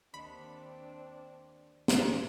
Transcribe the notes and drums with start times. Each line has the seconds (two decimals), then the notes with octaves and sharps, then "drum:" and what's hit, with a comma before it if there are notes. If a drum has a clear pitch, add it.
0.14 D#2 C4 D4 B5
1.88 drum: snare